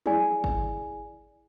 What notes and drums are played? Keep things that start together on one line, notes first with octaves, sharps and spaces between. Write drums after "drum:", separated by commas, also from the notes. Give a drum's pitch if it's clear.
E4 G#4 D5 G#5, drum: tom
drum: kick